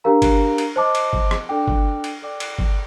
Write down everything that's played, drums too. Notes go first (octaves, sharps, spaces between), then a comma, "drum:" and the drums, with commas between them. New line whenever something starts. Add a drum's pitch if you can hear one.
D4 G4 A#4 F5 A#5
drum: kick G1, cymbal
drum: cymbal
C5 D#5 A5 D6
drum: cymbal
drum: kick G1
drum: rim click
D4 A4 D5 G5 D6
drum: kick G1
drum: cymbal
A4 D5 G5 D6
drum: cymbal
drum: kick G1